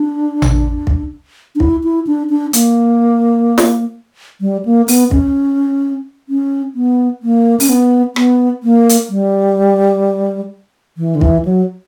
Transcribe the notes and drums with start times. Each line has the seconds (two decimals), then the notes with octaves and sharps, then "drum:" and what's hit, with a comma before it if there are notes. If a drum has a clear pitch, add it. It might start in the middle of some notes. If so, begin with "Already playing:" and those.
Already playing: D4
0.42 drum: tom A1
0.87 drum: kick
1.55 D4
1.60 E4, drum: kick
1.83 E4
2.07 D4
2.30 D4
2.53 A#3, drum: hi-hat
3.58 drum: snare
4.41 G3
4.65 A#3
4.88 B3, drum: open hi-hat
5.11 C#4, drum: kick
6.29 C#4
6.75 B3
7.23 A#3
7.60 C#4, drum: open hi-hat
7.69 B3
8.16 B3, drum: rim click
8.63 A#3
8.89 drum: hi-hat
9.09 G3
10.98 E3
11.15 D3
11.21 E3, drum: kick
11.45 F#3